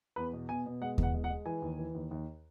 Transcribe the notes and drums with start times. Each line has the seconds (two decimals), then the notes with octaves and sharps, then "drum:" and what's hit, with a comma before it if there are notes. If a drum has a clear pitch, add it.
0.16 E2 B4
0.33 B2
0.49 B2 G#5
0.66 B2
0.81 G#3 F#5
0.98 E2, drum: kick D#2
1.03 F#5
1.14 G#3
1.24 F#5
1.30 G#3
1.46 E3 G#5
1.62 D#2
1.79 E3
1.95 D#2
2.11 D#2